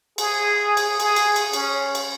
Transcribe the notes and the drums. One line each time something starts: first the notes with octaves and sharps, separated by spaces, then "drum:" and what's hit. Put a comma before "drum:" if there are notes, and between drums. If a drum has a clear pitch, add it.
G#4, drum: cymbal
drum: cymbal
G#4, drum: cymbal
drum: cymbal
drum: cymbal
C#4, drum: cymbal
drum: cymbal